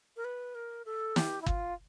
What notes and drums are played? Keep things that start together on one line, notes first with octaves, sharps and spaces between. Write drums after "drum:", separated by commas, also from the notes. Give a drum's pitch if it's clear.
A#4
B4
A#4
A4
G4, drum: snare
E4
F4, drum: kick G1